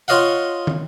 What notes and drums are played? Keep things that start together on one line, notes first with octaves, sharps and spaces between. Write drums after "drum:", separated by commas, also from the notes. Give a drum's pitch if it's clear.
F4 C#5 D#5 F5 F#5
drum: tom